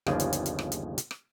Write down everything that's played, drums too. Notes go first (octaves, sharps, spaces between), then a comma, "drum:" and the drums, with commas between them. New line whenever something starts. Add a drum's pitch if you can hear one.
G1 D#2 C#3 F3 G#4 D5, drum: rim click
drum: hi-hat
drum: hi-hat
drum: hi-hat
drum: rim click
drum: hi-hat
drum: hi-hat
drum: rim click